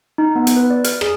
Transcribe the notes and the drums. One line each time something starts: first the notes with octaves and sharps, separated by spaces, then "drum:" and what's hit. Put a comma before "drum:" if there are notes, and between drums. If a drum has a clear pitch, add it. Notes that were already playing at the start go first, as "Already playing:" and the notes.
D#4
B3
drum: hi-hat
B4
D5
F6, drum: hi-hat
G#4, drum: rim click